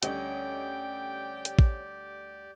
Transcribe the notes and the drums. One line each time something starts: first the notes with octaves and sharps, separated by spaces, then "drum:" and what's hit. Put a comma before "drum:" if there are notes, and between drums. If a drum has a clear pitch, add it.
D2 G3 C#4 G4 D5 D#5 G5, drum: hi-hat
drum: hi-hat
drum: kick